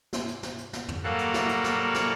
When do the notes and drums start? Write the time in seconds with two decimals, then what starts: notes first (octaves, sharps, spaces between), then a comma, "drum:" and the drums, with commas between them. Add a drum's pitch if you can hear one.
0.13 drum: snare
0.28 drum: hi-hat
0.43 drum: snare
0.58 drum: hi-hat
0.73 drum: snare
0.88 drum: tom
1.04 F#3 G3 A#3 A4 F5 F#5
1.19 drum: hi-hat
1.34 drum: snare
1.49 drum: hi-hat
1.64 drum: snare
1.94 drum: snare